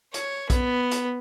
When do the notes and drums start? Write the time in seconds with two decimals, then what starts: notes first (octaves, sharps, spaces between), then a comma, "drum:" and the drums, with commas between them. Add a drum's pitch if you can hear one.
0.14 C#5, drum: hi-hat
0.50 B3, drum: kick B1, hi-hat
0.91 drum: hi-hat